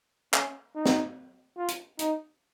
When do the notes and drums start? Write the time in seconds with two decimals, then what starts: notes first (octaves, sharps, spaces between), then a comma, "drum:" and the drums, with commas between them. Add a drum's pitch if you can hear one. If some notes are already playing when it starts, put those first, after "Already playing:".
0.34 C#4, drum: clap
0.75 D#4
0.86 drum: snare
1.57 F4
1.68 drum: hi-hat
1.99 D#4, drum: hi-hat